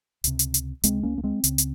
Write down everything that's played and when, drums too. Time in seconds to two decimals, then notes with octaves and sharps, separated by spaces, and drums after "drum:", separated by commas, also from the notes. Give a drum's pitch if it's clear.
0.24 C#2 C3, drum: hi-hat
0.39 drum: hi-hat
0.54 drum: hi-hat
0.84 C#2 C3 G#3 C4, drum: hi-hat
1.03 A#3 C#4
1.18 A#3
1.23 G#3 C4
1.44 C#2 C#3, drum: hi-hat
1.58 drum: hi-hat